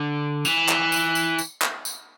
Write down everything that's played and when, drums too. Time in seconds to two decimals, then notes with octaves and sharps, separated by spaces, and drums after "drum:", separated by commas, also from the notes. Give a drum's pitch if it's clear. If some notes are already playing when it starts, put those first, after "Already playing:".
Already playing: D3
0.45 E3, drum: tambourine
0.69 drum: clap
0.92 drum: tambourine
1.15 drum: tambourine
1.39 drum: tambourine
1.62 drum: clap
1.85 drum: tambourine